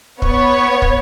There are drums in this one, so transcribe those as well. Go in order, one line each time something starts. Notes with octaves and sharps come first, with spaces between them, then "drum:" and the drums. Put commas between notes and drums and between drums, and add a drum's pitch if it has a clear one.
B3 C#5, drum: kick
drum: kick